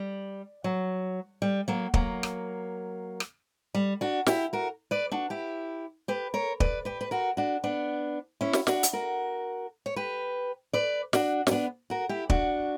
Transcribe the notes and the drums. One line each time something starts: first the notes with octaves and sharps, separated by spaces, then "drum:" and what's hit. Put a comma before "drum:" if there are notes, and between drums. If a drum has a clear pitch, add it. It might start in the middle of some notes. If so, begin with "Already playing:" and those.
Already playing: G3
F#3
G3
F#3 A#3
F#3 A#3, drum: kick
drum: rim click
drum: rim click
G3
D4 F#4
E4 G4, drum: snare
F#4 A#4
B4 D5
D4 F#4
E4 G4
G4 B4
A#4 C#5
B4 D5, drum: kick
G4 B4
B4
F#4 A#4
D4 F#4
B3 D4
C#4 E4
drum: snare
D4 F#4, drum: snare
drum: hi-hat
F#4 A#4
C#5
G4 B4
B4 D5
D4 F#4, drum: snare
C#4, drum: snare
B3 D4
F#4 A#4
E4 G4
D4 F#4, drum: kick